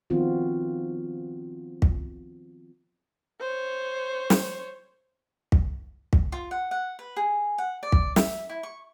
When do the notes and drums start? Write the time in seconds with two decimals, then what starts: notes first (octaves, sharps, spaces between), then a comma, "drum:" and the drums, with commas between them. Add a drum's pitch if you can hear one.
0.10 D#3 F3 B3 C4 F4 F#4
1.82 drum: kick
3.40 C5 C#5
4.30 drum: snare
5.52 drum: kick
6.13 drum: kick
6.32 F4
6.51 F#5
6.71 F#5
6.99 B4
7.16 G#4
7.58 F#5
7.83 D5
7.92 drum: kick
8.16 E5, drum: snare
8.49 E4
8.63 C#6